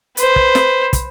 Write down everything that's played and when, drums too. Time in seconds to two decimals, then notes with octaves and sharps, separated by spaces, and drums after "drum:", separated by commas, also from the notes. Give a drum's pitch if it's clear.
0.17 B4 C5, drum: hi-hat
0.36 drum: kick
0.55 drum: snare
0.93 drum: kick, hi-hat